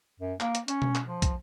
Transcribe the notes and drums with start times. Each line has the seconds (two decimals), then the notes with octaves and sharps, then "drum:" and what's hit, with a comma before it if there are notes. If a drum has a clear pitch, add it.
0.20 F#2
0.40 A#3, drum: clap
0.55 drum: hi-hat
0.68 C#4, drum: hi-hat
0.82 drum: tom B2
0.95 drum: clap
1.07 F3
1.22 drum: kick, hi-hat